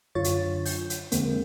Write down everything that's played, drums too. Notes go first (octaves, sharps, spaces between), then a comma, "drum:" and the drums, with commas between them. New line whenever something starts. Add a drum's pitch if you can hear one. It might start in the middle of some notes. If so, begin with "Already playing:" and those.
F#2 D3 F4 C#5 A6
drum: hi-hat
G6, drum: open hi-hat
drum: hi-hat
F2 D3 G#3 A#3 C4, drum: hi-hat